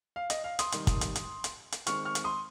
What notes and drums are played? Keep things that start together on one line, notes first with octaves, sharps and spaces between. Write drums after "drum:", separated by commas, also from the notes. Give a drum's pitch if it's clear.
F5
D#5, drum: hi-hat
F5
C6 D#6, drum: hi-hat
C3 D#3 G3, drum: hi-hat
drum: kick, hi-hat
drum: hi-hat
drum: hi-hat
drum: hi-hat
drum: hi-hat
D#3 G#3 C4 C#6 F6, drum: hi-hat
C#6 F6
drum: hi-hat
C6 D#6